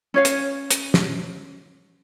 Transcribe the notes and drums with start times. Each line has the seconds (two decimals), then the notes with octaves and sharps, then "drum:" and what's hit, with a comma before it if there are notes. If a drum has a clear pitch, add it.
0.14 C#4 C#5 F5
0.25 drum: hi-hat
0.71 drum: hi-hat
0.94 drum: snare